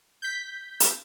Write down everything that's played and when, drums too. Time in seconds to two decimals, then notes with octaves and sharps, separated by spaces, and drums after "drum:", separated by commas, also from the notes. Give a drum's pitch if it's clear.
0.22 G6 B6
0.80 drum: hi-hat